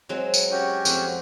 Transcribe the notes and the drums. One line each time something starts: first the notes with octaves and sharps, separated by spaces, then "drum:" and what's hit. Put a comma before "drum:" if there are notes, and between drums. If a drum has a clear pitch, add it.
F#3 G#3 C4
drum: tambourine
C#4 F#4 G4
F2 C4, drum: tambourine